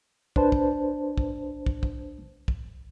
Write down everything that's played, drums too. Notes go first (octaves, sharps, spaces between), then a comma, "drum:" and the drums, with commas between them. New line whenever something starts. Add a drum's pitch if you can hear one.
D4 B4 C5 A5, drum: kick
drum: kick
drum: kick
drum: kick
drum: kick
drum: kick